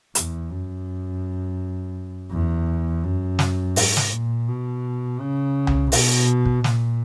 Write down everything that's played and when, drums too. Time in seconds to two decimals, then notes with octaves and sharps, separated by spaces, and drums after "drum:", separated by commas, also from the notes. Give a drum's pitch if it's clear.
0.15 E2, drum: hi-hat
0.50 F#2
2.31 E2
3.04 F#2
3.39 drum: snare
3.76 G#2, drum: open hi-hat
3.97 drum: snare
4.12 A#2
4.48 B2
5.20 C#3
5.67 drum: tom C2
5.92 B2, drum: open hi-hat
6.45 drum: kick
6.64 A#2, drum: snare